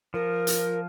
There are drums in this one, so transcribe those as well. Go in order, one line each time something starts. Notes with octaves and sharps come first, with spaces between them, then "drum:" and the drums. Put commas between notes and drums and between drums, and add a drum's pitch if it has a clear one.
F3 A#4
drum: hi-hat